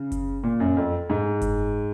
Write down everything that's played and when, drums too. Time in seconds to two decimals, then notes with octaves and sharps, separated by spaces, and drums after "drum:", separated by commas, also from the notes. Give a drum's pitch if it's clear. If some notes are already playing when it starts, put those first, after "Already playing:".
Already playing: C#3
0.12 drum: kick F#1, hi-hat
0.44 A#2
0.60 F#2
0.77 F2
1.10 G#2
1.41 drum: kick F#1, hi-hat